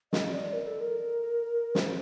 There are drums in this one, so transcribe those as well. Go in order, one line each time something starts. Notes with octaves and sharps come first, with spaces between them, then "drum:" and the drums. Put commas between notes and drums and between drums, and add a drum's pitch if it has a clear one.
D#5, drum: snare
D5
A#4
A4
A#4
C5, drum: snare